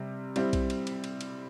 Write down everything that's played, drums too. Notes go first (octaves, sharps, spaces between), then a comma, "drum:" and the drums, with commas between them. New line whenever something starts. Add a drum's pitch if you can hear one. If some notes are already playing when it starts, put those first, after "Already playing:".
Already playing: C3 G3 C4
G3 C4 E4, drum: cymbal
drum: kick B1, cymbal
drum: cymbal
drum: cymbal
drum: cymbal
drum: cymbal